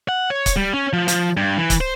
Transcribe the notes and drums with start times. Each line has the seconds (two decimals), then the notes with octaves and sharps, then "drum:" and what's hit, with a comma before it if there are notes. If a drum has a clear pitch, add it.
0.09 F#5
0.30 C#5
0.46 drum: kick C#1, hi-hat
0.56 G3
0.74 C#4
0.93 F3
1.08 F3, drum: hi-hat
1.37 G2
1.58 E3
1.70 drum: kick C#1, hi-hat
1.81 C5